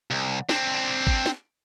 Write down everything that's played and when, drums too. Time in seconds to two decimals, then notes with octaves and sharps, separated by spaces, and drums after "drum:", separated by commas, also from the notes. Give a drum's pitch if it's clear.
0.11 C2
0.49 C4 D4, drum: snare
1.07 drum: kick G#1
1.26 drum: snare